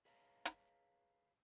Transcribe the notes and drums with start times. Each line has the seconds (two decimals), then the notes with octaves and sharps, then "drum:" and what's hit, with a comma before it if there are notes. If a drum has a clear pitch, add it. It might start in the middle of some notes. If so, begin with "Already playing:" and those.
0.05 G#4 B4 C#5 F5 A5 A#5
0.45 drum: hi-hat